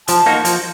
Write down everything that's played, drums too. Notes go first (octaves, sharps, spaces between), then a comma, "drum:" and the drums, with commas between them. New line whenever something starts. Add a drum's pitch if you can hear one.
F3 A5, drum: hi-hat
A#3 D#4 F#4
F3, drum: hi-hat